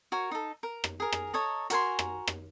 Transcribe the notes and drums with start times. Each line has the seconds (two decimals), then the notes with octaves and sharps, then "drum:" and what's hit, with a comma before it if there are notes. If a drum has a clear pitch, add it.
0.12 F#4 A#4 C#5
0.31 D#4 A4
0.63 A#4
0.84 drum: rim click
1.00 G#4 A#4
1.13 drum: rim click
1.33 A4 C#5 D#5 A#5
1.70 F#4 A#4 G#5 C6, drum: hi-hat
1.99 drum: rim click
2.27 drum: rim click